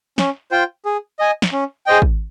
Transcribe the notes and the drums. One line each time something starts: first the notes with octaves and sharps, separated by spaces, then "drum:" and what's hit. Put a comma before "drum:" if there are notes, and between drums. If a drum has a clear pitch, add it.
C#4, drum: snare
F4 C5 G5
G#4
D#5 G#5
drum: snare
C#4
G#4 C5 D#5 G5
drum: kick